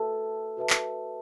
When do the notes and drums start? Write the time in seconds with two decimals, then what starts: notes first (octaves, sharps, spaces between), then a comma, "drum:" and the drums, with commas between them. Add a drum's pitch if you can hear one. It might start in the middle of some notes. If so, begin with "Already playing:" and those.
Already playing: F#4 A4 B4 E5 A5
0.57 F#4 B4 E5 A5
0.70 drum: clap